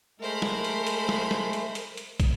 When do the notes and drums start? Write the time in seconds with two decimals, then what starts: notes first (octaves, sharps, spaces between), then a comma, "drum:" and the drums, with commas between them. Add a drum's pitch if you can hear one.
0.20 G#3 A3 A#4 C5 B5
0.42 drum: snare
0.64 drum: hi-hat
0.87 drum: hi-hat
1.09 drum: snare
1.31 drum: snare
1.53 drum: hi-hat
1.75 drum: hi-hat
1.97 drum: hi-hat
2.20 drum: kick, hi-hat